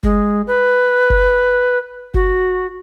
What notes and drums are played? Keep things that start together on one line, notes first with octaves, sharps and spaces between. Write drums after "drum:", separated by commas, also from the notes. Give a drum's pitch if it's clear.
G#3, drum: kick F#1
B4
drum: kick F#1
F#4, drum: kick F#1